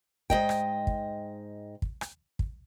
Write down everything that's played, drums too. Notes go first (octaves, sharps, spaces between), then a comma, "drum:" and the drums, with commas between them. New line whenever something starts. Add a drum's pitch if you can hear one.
G#2 D#5 G5, drum: kick
drum: rim click
drum: kick
drum: kick
drum: rim click
drum: kick